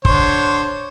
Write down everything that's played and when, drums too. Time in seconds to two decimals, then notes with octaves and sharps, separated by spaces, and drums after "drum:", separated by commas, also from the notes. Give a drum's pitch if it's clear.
0.05 D3 C5 C#5, drum: kick